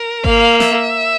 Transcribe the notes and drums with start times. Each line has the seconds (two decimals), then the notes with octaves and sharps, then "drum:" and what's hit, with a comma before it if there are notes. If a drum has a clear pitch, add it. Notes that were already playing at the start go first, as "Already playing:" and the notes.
Already playing: A#4
0.24 A#3 F5, drum: kick G#1
0.60 E5, drum: snare